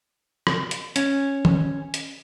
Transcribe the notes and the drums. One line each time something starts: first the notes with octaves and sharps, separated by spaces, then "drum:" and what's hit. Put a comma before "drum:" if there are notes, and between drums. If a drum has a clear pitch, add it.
drum: rim click
drum: hi-hat
C#4, drum: hi-hat
drum: tom
drum: hi-hat